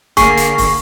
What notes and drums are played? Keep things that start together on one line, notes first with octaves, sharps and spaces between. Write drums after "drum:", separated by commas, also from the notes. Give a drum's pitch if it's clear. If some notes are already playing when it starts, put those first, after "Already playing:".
D3 A#3 G#4 C#6, drum: kick, hi-hat
drum: hi-hat
drum: kick, open hi-hat